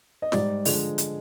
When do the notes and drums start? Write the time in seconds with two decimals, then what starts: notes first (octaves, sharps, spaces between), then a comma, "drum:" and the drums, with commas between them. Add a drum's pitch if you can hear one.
0.22 D#5
0.32 G#2 G3 D5, drum: snare
0.65 D3 F3 G#3 D#5, drum: open hi-hat
0.98 drum: hi-hat